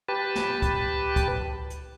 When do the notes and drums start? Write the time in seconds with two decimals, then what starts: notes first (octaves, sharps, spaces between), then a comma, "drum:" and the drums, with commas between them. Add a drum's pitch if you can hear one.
0.08 G4 B4 A5
0.35 drum: snare
0.62 drum: kick C#2, hi-hat
1.16 drum: kick C#2, hi-hat
1.70 drum: hi-hat